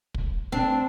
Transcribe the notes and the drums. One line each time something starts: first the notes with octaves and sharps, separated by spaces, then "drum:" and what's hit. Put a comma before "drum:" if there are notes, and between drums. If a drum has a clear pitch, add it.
drum: kick
C4 D4